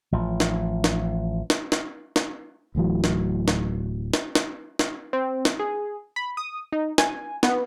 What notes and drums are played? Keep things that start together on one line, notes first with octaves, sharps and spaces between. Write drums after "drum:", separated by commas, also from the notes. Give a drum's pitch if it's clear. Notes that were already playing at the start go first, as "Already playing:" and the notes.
A1 F3
drum: snare
drum: snare
drum: snare
drum: snare
drum: snare
D1 A2 E3 F#3
drum: snare
drum: snare
drum: snare
drum: snare
drum: snare
C4
drum: snare
G#4
B5
D#6
D#4
G#5, drum: snare
B3, drum: snare